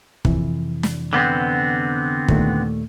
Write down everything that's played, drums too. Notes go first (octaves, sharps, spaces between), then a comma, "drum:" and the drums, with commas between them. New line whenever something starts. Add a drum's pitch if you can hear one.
F2 C3 E3, drum: kick
drum: snare
D3 B3 C4
D#2 A#2 A3, drum: kick